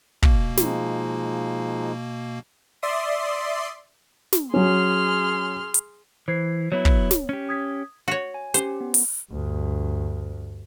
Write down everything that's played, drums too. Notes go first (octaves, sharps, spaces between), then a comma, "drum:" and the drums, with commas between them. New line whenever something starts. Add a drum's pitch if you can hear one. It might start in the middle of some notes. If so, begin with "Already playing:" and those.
B2 A#3, drum: kick
F3 G#3 D#4, drum: snare
D5 E5 C6 D#6
drum: snare
F#3 C#4 G#4 C6 F6
drum: hi-hat
E3 C5 G#6 C7
F#3 B3 E4 C#5
drum: kick
drum: snare
C#4 G4
D#6 G#6 B6
F#4 C#5
G#5
C#4 G4 C5, drum: hi-hat
B3
drum: open hi-hat
D2 G2